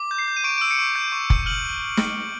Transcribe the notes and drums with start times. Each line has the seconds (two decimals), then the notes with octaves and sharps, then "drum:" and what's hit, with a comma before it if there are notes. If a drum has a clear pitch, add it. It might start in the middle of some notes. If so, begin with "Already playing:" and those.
Already playing: D6
0.11 G6
0.19 C7
0.28 G6
0.37 D#7
0.44 C#6 D7
0.58 E6 D7
0.71 C#7
0.79 C#6
0.96 G6
1.12 C#6
1.30 E6, drum: kick F1
1.46 F6 F#7
1.97 drum: snare